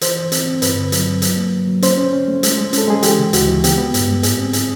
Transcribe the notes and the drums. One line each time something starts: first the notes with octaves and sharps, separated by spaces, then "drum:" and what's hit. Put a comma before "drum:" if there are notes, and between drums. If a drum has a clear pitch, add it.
E3 C5, drum: hi-hat
E3
C4, drum: hi-hat
C4
G2 B4, drum: hi-hat
D3
F#3, drum: hi-hat
G2
F#3, drum: hi-hat
A#3
F#3
F#3
C#4 C5, drum: hi-hat
C#4
C#4
A3
G#3, drum: hi-hat
G#3
C#4 A4, drum: hi-hat
G#3 G#4
E3 G4, drum: hi-hat
C#3
D2 F#4, drum: hi-hat
E3
B3 G4, drum: hi-hat
B3
G2, drum: hi-hat
G#3
G#2 G#4, drum: hi-hat
C4
G#4, drum: hi-hat